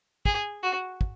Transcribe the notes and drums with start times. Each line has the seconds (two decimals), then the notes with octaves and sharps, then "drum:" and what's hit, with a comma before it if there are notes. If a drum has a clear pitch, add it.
0.25 G#4, drum: kick
0.63 F#4
1.01 drum: kick